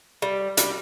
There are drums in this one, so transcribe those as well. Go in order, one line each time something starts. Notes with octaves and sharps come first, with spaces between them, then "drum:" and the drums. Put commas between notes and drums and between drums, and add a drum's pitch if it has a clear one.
G3
G3, drum: hi-hat